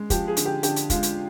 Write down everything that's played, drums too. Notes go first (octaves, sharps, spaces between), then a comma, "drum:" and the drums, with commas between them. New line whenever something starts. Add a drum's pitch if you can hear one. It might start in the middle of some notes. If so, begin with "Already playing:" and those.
Already playing: G#3
F3 G4, drum: kick, hi-hat
G#4
D3, drum: hi-hat
G4
D3 G4, drum: hi-hat
drum: hi-hat
G#3 F4, drum: kick, hi-hat
drum: hi-hat